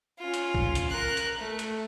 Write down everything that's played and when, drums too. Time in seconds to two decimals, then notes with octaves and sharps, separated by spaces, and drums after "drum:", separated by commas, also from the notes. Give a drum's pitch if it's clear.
0.19 C#4 F4
0.34 drum: hi-hat
0.54 drum: kick B1
0.75 drum: hi-hat
0.89 A#4 F#6
1.17 drum: hi-hat
1.38 A3
1.59 drum: hi-hat